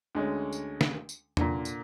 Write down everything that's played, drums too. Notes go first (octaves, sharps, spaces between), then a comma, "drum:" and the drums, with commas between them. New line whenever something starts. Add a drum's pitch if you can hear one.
D2 G#3 C#4
drum: tambourine
drum: snare
drum: tambourine
A#2 D3, drum: tom
drum: tambourine